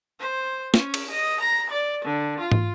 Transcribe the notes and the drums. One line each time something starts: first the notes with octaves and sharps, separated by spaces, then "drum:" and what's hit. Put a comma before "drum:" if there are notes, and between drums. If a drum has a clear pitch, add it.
C5
C#4, drum: snare
drum: cymbal
D#5
A#5
D5
D3
F4
drum: tom G#2